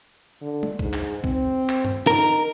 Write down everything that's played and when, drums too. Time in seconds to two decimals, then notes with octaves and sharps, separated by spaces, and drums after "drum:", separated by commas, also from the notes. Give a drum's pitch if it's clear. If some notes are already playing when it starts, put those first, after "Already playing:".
0.42 D3
0.63 drum: tom G#3
0.79 G#2, drum: kick
0.93 drum: clap
1.24 C4, drum: kick
1.69 drum: clap
1.85 drum: tom G2
2.07 D#4 A#4